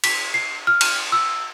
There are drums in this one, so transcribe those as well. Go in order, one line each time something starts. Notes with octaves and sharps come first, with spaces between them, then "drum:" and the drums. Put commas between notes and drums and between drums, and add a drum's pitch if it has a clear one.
B6, drum: cymbal
C7
F6
drum: cymbal
E6